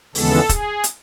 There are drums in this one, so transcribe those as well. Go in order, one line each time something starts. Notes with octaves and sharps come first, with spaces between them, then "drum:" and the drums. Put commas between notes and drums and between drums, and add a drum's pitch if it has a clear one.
D#2 C#3 E3 G#3 B3 A4, drum: open hi-hat
G#4, drum: kick, hi-hat
drum: hi-hat